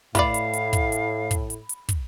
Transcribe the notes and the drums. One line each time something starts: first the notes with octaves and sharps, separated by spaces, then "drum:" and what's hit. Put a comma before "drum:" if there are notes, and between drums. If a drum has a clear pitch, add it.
A2 E4 B4 D5 F5 B5, drum: kick, hi-hat
drum: hi-hat
drum: hi-hat
drum: kick, hi-hat
drum: hi-hat
drum: kick, hi-hat
drum: hi-hat
drum: hi-hat
drum: kick, hi-hat